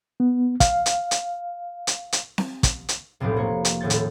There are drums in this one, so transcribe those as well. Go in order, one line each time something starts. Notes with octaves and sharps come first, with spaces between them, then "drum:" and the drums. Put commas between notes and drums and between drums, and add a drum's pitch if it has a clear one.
B3
F5, drum: kick, hi-hat
drum: hi-hat
drum: hi-hat
drum: hi-hat
drum: hi-hat
drum: snare C4
drum: kick, hi-hat
drum: hi-hat
F1 B1 A2 C4 G4
A#3 C#5 C#6
drum: hi-hat
D#1 A2 C#5 G6 A6
drum: hi-hat